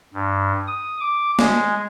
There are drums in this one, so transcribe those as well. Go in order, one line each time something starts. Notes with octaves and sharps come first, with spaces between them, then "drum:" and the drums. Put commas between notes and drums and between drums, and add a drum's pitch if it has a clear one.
G2
D#6
D6
G#3, drum: snare